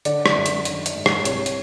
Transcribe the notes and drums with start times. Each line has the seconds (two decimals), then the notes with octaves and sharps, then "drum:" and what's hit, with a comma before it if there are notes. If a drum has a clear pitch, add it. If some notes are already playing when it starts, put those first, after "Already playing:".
0.05 D3 D5, drum: hi-hat
0.26 drum: rim click
0.35 F#2
0.46 drum: hi-hat
0.65 D#3 D5, drum: hi-hat
0.86 drum: hi-hat
0.95 G#2
1.06 drum: rim click
1.25 C2 C#5, drum: hi-hat
1.46 drum: hi-hat